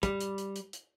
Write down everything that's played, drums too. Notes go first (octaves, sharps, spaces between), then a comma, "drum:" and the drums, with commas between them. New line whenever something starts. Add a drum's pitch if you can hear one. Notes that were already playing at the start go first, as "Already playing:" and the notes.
G3, drum: kick, hi-hat
drum: hi-hat
drum: hi-hat
drum: hi-hat
drum: hi-hat